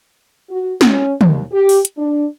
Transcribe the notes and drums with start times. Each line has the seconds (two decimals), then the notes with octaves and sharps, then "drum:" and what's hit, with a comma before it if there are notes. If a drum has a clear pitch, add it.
0.50 F#4
0.81 C#4, drum: snare
1.21 D#2, drum: tom
1.51 G4
1.69 drum: open hi-hat
1.85 drum: hi-hat
1.98 D4